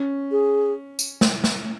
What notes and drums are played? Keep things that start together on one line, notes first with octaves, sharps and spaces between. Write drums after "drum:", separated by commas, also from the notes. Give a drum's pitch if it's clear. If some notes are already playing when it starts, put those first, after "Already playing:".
Already playing: C#4
G#4
drum: tambourine
drum: snare
drum: snare